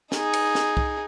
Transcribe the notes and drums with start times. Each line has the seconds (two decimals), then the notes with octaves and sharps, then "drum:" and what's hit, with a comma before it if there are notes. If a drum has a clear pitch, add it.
0.12 D#4 G#4, drum: snare
0.33 drum: cymbal
0.55 drum: snare
0.77 drum: kick